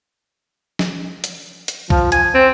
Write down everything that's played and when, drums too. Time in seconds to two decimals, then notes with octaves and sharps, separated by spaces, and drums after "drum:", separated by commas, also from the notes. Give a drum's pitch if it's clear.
0.79 drum: snare
1.24 drum: hi-hat
1.68 drum: hi-hat
1.90 F3, drum: kick B1
2.12 G#5, drum: hi-hat
2.34 C4